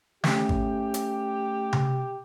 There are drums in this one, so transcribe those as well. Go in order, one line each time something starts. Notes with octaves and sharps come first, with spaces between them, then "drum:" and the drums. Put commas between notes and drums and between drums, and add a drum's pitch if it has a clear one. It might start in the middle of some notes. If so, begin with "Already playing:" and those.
A3 C#4 G4, drum: snare
drum: kick G#1
drum: hi-hat
drum: tom C3